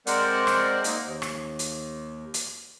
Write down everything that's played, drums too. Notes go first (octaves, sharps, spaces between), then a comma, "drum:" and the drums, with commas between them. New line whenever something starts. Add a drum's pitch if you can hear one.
G#3 C4 A#4 C5 D5 F#5, drum: hi-hat
drum: rim click
A#3 C4 D#4, drum: hi-hat
D#2
drum: rim click
drum: hi-hat
drum: hi-hat